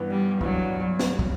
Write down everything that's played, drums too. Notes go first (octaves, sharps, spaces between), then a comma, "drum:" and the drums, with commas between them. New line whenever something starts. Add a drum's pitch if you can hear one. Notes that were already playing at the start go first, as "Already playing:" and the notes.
Already playing: G2 E3 B3 D4
G3
G2 E3 F#3 B3 D4, drum: kick
drum: snare
drum: kick